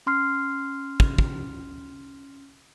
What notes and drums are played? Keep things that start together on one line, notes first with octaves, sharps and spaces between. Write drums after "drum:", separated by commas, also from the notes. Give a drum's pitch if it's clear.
C#4 C6 F6 C7
drum: kick
drum: kick